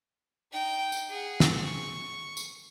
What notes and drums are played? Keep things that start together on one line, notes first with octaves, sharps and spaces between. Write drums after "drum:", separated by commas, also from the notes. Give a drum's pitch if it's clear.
D#4 G5
drum: tambourine
G#4 F#5
drum: snare
C#6
drum: tambourine